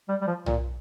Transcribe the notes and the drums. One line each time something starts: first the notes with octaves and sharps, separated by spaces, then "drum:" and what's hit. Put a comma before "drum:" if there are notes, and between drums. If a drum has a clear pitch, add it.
G3
G3
F3
A#2, drum: tom B1